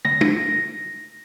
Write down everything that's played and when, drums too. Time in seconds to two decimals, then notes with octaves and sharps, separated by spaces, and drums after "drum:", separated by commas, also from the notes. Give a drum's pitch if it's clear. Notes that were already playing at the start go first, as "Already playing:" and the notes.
0.05 A#6, drum: tom
0.21 drum: tom